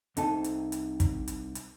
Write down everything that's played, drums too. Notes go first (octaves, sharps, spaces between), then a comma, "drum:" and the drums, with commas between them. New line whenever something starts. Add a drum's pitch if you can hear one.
C2 C3 D#4 A4 A5, drum: hi-hat
drum: hi-hat
drum: hi-hat
drum: kick, hi-hat
drum: hi-hat
drum: hi-hat